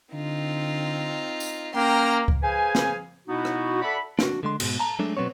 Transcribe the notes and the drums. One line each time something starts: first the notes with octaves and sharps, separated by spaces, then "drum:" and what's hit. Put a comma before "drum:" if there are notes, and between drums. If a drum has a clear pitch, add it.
D3 C4 D#4 F4
drum: tambourine
A#3 C#4 G5 A#5 C6 F6
drum: kick C#2
G#4 B4 C5 F5 G#5
drum: snare
B2 B3 D#4 E4 F#4
drum: rim click
A4 D5 E5 F#5 B5
D4 F#4, drum: snare
D3 G#3 C6
G#2 B2, drum: cymbal
A5 A#5
F#3 G#3 A3 D4
B2 F#3 B3 C4 C#5